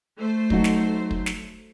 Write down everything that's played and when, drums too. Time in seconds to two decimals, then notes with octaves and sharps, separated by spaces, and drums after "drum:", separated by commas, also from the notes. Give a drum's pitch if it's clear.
0.18 A3 C5
0.50 F#3 D#4 F#4, drum: kick
0.64 drum: snare
1.11 drum: kick
1.26 drum: snare